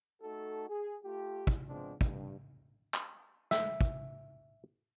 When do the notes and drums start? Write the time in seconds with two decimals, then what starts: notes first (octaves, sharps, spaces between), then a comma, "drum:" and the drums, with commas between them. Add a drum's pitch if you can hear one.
0.22 A3 D#4 F#4 A4
0.69 G#4
1.04 A3 F4 G4
1.47 drum: kick
1.68 F3 G#3 B3 C4 D4
2.01 G2, drum: kick
2.94 drum: clap
3.51 E5, drum: snare
3.81 drum: kick